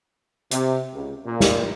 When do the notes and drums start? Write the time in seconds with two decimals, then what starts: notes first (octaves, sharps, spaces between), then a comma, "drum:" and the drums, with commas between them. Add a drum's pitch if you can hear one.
0.51 C3, drum: hi-hat
0.93 C#2
1.25 A#2
1.40 drum: snare